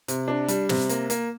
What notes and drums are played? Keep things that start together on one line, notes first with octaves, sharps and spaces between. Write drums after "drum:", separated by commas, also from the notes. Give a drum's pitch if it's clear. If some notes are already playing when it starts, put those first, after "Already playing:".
C3, drum: hi-hat
D4
G3, drum: hi-hat
C3, drum: snare
A#3, drum: hi-hat
A#3, drum: hi-hat